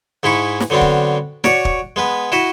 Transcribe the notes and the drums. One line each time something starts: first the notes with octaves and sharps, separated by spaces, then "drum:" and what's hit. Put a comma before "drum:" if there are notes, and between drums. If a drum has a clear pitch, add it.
G#2 G#3 E4 B5 C#6
drum: snare
D3 F#3 B3 C4 D4
drum: kick
F#4 C#5 D5, drum: snare
drum: kick
G#3 B3 B4
E4 F#4 D#5 E5